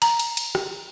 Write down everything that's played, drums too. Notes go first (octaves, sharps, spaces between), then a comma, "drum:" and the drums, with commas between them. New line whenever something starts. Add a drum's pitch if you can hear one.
A#5, drum: cymbal
drum: cymbal
drum: cymbal
drum: rim click